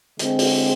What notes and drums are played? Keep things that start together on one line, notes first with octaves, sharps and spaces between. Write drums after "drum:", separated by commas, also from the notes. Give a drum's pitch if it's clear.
D3 G#3 C4, drum: hi-hat
drum: open hi-hat